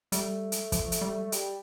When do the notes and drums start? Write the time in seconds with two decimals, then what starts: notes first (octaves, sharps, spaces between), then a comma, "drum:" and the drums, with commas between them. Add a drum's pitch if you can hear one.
0.12 G3 A3, drum: hi-hat
0.52 drum: hi-hat
0.72 F3, drum: kick, hi-hat
0.92 drum: hi-hat
1.01 G3
1.32 G3, drum: hi-hat